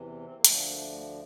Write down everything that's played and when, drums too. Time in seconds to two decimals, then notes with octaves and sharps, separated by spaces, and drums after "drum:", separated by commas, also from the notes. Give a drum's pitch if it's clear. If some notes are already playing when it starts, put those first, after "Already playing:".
Already playing: E2 C3 E3
0.23 C4
0.34 A#3
0.45 D2 D3 F3 A3, drum: hi-hat
0.68 A#3
0.92 A3